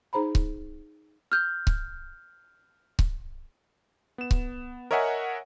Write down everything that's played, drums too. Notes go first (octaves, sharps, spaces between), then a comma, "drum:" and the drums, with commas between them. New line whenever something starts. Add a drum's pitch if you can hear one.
D#4 G#4 C5 A#5 B5
drum: kick C#1
F6 G6
drum: kick C#1
drum: kick C#1
B3 E7
drum: kick C#1
A#4 C#5 D#5 E5 F#5 G#5